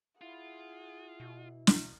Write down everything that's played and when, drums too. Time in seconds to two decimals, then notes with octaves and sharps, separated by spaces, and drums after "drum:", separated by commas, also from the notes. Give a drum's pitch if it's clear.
0.21 E4 F4 G#4 F#5
1.20 B2
1.67 drum: snare